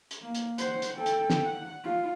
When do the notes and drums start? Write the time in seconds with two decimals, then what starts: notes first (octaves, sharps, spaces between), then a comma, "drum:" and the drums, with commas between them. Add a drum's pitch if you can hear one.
0.11 drum: hi-hat
0.22 A#3
0.35 drum: hi-hat
0.58 C5 F#5, drum: hi-hat
0.82 drum: hi-hat
0.97 A4 G5
1.06 drum: hi-hat
1.30 drum: snare
1.45 F#5
1.84 F4